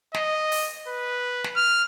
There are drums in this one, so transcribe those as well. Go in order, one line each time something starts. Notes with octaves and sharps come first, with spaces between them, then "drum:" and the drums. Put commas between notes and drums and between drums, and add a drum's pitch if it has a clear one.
D#5, drum: snare
drum: open hi-hat
B4
drum: snare
F6